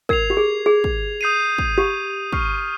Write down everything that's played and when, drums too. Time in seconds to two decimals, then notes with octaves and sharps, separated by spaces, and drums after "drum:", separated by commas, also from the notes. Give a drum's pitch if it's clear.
0.09 A#4 G#6 C7 F7, drum: kick
0.30 G4
0.37 G#4
0.66 G#4
0.84 drum: kick
1.21 D#6 G6 C7 D#7
1.58 drum: kick
1.78 G4
2.33 C#6 F6 C7, drum: kick